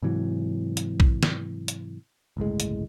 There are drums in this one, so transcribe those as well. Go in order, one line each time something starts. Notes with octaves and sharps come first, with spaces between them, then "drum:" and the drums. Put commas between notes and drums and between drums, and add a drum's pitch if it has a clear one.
G#2 C3 E3 F#3
drum: hi-hat
drum: kick A#1
drum: snare
drum: hi-hat
G1 C#2 A2 G#3
drum: hi-hat